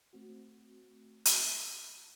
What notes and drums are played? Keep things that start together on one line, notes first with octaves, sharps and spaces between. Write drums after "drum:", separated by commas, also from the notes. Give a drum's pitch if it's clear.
A3 C4 F#4
drum: hi-hat